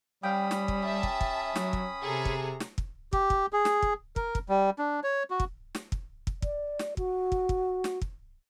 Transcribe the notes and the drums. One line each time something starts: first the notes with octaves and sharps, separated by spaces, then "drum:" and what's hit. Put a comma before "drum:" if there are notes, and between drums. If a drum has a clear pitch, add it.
G3 C#4 F5 G5 B5 D#6
drum: snare
drum: kick
G4 E5 A5
drum: kick
drum: kick
F#3, drum: snare
drum: kick
C3 G#4 A4 A#5
drum: kick
drum: snare
drum: kick
G4, drum: kick
drum: kick
G#4
drum: snare
drum: kick
A#4, drum: kick
drum: kick
G3
D4
C#5
F#4
drum: kick
drum: snare
drum: kick
drum: kick
D5, drum: kick
drum: snare
F#4, drum: kick
drum: kick
drum: kick
drum: snare
drum: kick